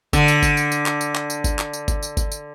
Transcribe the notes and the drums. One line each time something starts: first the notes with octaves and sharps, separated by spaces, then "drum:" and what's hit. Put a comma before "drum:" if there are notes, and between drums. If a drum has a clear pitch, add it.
D3, drum: kick G1, tambourine
drum: tambourine
drum: kick G1, tambourine
drum: tambourine
drum: tambourine
drum: clap
drum: tambourine
drum: clap
drum: tambourine
drum: kick G1, tambourine
drum: clap
drum: tambourine
drum: kick G1, tambourine
drum: tambourine
drum: kick G1, tambourine
drum: tambourine